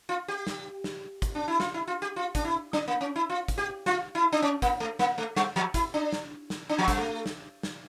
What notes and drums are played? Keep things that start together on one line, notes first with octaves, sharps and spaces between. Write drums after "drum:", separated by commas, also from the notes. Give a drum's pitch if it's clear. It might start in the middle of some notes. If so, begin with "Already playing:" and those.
F4
G4
drum: snare
drum: snare
drum: kick, hi-hat
D4
E4
F4, drum: snare
E4
F4
G4
F4
D4, drum: kick, hi-hat
E4
D4, drum: snare
A#3
C#4
E4
F4
drum: kick, hi-hat
G4
F4, drum: snare
E4
D4
C#4
A#3, drum: kick, hi-hat
A3
A#3, drum: snare
A3
G3, drum: snare
F3
E4, drum: kick, hi-hat
D4
drum: snare
drum: snare
D4
F3
G3, drum: kick, hi-hat
A3
drum: snare
drum: snare